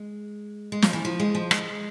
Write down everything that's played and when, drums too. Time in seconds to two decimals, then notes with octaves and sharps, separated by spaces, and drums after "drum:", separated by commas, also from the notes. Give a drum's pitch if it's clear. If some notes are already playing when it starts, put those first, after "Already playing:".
Already playing: G#3
0.72 G#3
0.82 F3, drum: snare
0.93 E3
1.05 F3
1.20 G#3
1.35 F3
1.51 G#3, drum: rim click